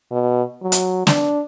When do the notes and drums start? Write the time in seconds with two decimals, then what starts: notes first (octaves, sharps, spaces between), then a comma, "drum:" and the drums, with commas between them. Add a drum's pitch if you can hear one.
0.12 B2
0.62 F#3
0.72 drum: hi-hat
1.07 D4, drum: snare